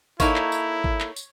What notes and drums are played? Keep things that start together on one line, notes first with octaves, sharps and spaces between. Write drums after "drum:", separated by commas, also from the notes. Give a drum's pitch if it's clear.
A#3 D#4 E4 A4 C#5, drum: kick G#1, tambourine
drum: clap
drum: tambourine
drum: kick G#1
drum: clap
drum: tambourine